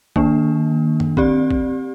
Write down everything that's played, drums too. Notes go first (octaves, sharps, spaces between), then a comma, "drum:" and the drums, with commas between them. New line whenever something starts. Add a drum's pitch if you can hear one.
D#3 A#3 D4, drum: kick
drum: tom F#2
C4 G4 D5, drum: kick
drum: kick